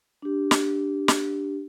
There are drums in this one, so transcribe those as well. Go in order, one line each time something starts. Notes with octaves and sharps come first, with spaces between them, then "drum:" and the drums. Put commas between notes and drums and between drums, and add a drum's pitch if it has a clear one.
D4 G4
drum: snare
drum: snare